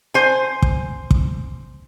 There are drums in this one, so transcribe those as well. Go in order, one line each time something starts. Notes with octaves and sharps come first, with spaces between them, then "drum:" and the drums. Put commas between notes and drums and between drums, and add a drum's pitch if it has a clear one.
C5 G#5
drum: kick
drum: kick